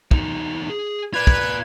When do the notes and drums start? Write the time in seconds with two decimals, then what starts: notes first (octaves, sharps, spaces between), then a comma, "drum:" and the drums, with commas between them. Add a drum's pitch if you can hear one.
0.11 E2 D#4, drum: kick
0.69 G#4
1.14 F4 B4 D5 G#6
1.27 drum: kick